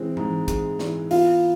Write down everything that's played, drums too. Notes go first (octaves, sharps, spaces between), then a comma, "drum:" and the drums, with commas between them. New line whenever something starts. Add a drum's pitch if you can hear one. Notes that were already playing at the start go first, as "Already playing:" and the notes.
Already playing: E3 G#3 C4
G#2, drum: tom E3
G#3, drum: kick, hi-hat
E3, drum: snare
B3 F4, drum: open hi-hat